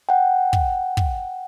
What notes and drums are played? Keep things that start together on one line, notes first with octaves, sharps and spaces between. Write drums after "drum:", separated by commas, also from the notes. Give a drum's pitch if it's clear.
F#5 G5
drum: kick
drum: kick